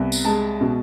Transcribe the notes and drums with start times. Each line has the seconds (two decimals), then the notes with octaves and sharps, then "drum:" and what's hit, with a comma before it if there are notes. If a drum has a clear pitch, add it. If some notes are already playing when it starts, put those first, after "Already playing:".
Already playing: C2 B3
0.12 drum: tambourine
0.25 G#3 A5
0.61 B2